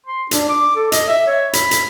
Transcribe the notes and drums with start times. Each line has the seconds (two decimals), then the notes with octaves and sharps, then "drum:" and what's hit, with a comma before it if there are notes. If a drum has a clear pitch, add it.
0.06 C6
0.31 D4, drum: hi-hat
0.49 D6
0.76 A4
0.92 D#5, drum: hi-hat
1.08 E5
1.27 C#5
1.53 B5, drum: hi-hat
1.71 drum: hi-hat